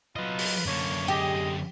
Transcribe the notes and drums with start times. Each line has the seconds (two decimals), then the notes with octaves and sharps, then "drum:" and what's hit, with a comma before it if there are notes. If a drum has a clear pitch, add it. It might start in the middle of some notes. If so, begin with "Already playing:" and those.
0.16 F#3 F4 B4 D#5
0.39 drum: open hi-hat
0.66 F#2 D3 A#3 C#5
1.08 G4 G#4 D#5